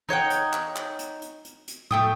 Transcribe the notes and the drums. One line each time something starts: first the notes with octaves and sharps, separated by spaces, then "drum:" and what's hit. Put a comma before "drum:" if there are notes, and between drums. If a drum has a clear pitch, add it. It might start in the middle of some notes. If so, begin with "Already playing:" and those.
D#4 C#5 F#5 G5, drum: tom E3
drum: hi-hat
drum: clap
drum: clap
drum: hi-hat
drum: hi-hat
drum: hi-hat
drum: hi-hat
A3 G5 D#6, drum: tom A2